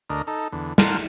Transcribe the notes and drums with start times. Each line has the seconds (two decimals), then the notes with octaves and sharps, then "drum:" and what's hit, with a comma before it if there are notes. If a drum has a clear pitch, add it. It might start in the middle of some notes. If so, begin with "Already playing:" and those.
0.10 D2 D4 A#4 D#5
0.27 D#4 A4
0.52 E2 D3
0.78 A#4 F#5 A5 C6 F6, drum: snare